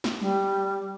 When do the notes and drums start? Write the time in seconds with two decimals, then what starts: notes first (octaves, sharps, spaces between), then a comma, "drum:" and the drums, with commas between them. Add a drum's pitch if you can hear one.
0.04 drum: snare
0.21 G3